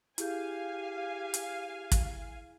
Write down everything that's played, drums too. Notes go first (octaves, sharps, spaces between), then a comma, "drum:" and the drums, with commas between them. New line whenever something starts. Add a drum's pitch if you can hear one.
E4 G4 G#4 F5 G#5 G6, drum: hi-hat
drum: hi-hat
drum: kick, hi-hat